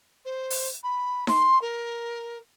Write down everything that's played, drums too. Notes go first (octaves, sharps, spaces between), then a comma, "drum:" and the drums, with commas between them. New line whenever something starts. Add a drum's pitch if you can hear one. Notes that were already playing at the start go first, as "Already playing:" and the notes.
C5
drum: open hi-hat
B5
C6, drum: snare D#4
A#4